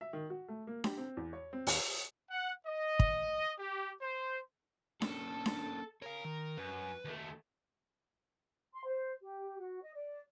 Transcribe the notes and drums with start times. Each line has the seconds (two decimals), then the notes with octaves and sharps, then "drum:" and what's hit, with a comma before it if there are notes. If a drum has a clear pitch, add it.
0.01 E5
0.13 D#3
0.30 F#4
0.48 A3
0.67 A#3
0.84 G4, drum: snare D4
0.98 C4
1.17 E2
1.33 C#5
1.53 C4
1.67 D#2, drum: open hi-hat
2.30 F#5
2.67 D#5
2.99 drum: kick
3.59 G4
4.01 C5
5.02 A#3 C#4 D4 A4, drum: snare D4
5.46 drum: snare D4
6.02 A#4 C#5 F5
6.25 D#3
6.58 F#2 B4
7.05 D#2 A3
8.73 C6
8.86 C5
9.22 G4
9.59 F#4
9.81 D#5
9.95 D5